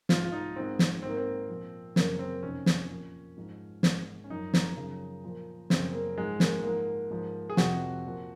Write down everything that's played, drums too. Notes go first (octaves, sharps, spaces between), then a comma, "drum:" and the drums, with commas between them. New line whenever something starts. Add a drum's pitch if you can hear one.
G#2 F3 F4, drum: snare
F4
D#4
G#2 D#3 C4
drum: snare
G#2 D#3 C4
A#3
C4
A#2 F3
F#2 C#3 F3 A#3, drum: snare
C4
F2 C3 D#3 C#4
drum: snare
A#2 F3
G#2 F3
G#2 D#3, drum: snare
C#4
F#2 F3 D#4
D#4, drum: snare
F#2 C#3 F3
A#2 F3
F#2 C#3 F3 C4, drum: snare
A#3
G#2 F3 G#3
A#3, drum: snare
G#2 F3 A#3
G#2 F3
G#4
F2 C3 F3 F#4, drum: snare
A#2 F3